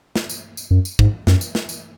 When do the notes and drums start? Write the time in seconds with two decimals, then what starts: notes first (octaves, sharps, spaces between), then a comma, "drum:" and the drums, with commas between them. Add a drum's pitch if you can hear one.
0.16 drum: snare
0.29 drum: tambourine
0.57 drum: tambourine
0.71 F#2
0.85 drum: tambourine
0.99 G#2, drum: kick
1.27 F#2, drum: snare
1.41 drum: tambourine
1.55 drum: snare
1.69 drum: tambourine